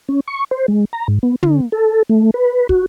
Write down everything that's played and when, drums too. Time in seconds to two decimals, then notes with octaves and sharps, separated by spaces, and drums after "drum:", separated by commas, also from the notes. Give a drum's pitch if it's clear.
0.08 C#4
0.28 C#6
0.51 C5
0.68 G#3
0.93 A#5
1.08 G#2
1.23 B3
1.43 D3, drum: tom
1.72 A4
2.10 A3
2.34 B4
2.69 F#4, drum: kick